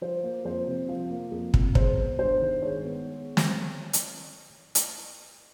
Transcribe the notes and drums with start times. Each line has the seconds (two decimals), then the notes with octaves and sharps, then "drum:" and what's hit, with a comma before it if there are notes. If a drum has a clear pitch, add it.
0.01 F3 C5
0.23 A#3
0.45 F2 C5
0.67 C3
0.89 F3
1.10 A#3
1.32 F2
1.54 C3, drum: kick
1.75 G#3 C5, drum: kick
1.97 B3
2.19 G2 C5
2.41 D#3
2.62 G#3 C#5
2.84 B3
3.37 drum: snare
3.93 drum: hi-hat
4.75 drum: hi-hat